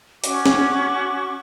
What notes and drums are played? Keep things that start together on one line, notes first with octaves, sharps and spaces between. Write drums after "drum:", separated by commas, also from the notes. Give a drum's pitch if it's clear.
C#4 F#4 C#6 D6, drum: hi-hat
drum: snare